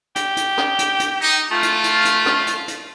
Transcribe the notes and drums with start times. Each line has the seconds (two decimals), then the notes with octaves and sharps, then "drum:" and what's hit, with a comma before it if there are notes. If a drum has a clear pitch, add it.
0.16 G4, drum: hi-hat
0.37 drum: hi-hat
0.58 drum: rim click
0.79 drum: hi-hat
1.00 drum: hi-hat
1.21 D#4
1.51 A3 F4
1.63 drum: hi-hat
1.84 drum: hi-hat
2.05 drum: hi-hat
2.26 drum: rim click
2.47 drum: hi-hat
2.68 drum: hi-hat